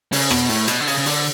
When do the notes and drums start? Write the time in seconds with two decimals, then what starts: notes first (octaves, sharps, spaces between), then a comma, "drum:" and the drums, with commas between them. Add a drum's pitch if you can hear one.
0.12 C#3, drum: open hi-hat
0.30 B2, drum: rim click
0.49 A2, drum: open hi-hat
0.68 B2, drum: hi-hat
0.81 D3
0.87 C#3, drum: open hi-hat
0.98 C#3
1.06 D3, drum: open hi-hat